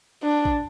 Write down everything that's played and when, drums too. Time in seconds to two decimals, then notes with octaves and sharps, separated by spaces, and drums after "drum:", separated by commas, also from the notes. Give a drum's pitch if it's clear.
0.23 D4
0.45 drum: kick A1